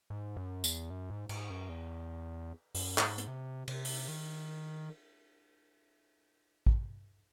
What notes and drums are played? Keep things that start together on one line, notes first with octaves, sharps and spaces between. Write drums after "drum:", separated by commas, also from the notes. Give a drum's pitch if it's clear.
G#2
F#2
E2, drum: tambourine
F#2
G#2
G#2, drum: cymbal
F#2
E2
F#2, drum: open hi-hat
A2, drum: clap
G#2
drum: hi-hat
C3
C3, drum: cymbal
drum: open hi-hat
D#3
drum: kick A1